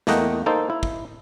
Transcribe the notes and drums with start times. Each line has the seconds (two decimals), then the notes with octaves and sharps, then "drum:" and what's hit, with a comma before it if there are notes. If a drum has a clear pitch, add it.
0.07 E2 A3 A#3 D#5 F#5 G5, drum: snare
0.46 A#3 D#4 A4 C5
0.70 E4
0.83 drum: kick